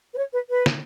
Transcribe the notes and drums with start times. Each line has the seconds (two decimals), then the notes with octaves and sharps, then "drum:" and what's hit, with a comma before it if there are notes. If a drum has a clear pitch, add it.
0.12 B4
0.17 C#5
0.33 B4
0.49 B4
0.66 drum: snare